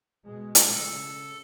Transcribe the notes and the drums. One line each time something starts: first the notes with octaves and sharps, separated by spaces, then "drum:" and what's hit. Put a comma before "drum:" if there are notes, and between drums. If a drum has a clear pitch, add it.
B2 G#3
drum: hi-hat
C#3 A4